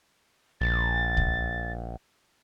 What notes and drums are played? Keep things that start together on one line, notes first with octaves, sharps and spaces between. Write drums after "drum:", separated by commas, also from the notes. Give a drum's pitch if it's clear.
A#1 A6
drum: kick C2